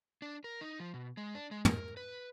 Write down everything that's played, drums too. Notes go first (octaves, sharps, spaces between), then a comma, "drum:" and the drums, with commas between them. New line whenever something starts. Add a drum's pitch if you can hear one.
D4
A#4
D#4
F3
B2
G#3
D4
G#3
A#4, drum: tom
B4